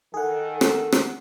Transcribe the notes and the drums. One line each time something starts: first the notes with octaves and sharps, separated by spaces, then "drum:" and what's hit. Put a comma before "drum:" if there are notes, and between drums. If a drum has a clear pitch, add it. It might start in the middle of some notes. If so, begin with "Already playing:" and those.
D#3 G#4 A4 F#5
drum: rim click
drum: rim click